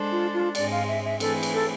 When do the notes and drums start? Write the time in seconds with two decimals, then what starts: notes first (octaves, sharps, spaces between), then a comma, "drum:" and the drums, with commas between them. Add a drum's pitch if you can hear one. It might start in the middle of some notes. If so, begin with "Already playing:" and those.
Already playing: G#3 D4 A4 C5
0.12 F4
0.34 F4
0.55 G#2 G#3 C4 D5, drum: cymbal
0.71 F5
0.88 E5
1.05 E5
1.20 E3 A3 C4 G#4 A4 B4, drum: cymbal
1.43 drum: cymbal
1.54 A4